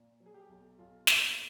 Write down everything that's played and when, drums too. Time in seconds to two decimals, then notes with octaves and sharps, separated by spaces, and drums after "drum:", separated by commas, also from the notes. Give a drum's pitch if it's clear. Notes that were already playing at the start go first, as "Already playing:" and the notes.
Already playing: A#2
0.20 F#3
0.26 G#4
0.34 G4
0.49 B1
0.79 B1 F4
1.07 A#2 E4, drum: snare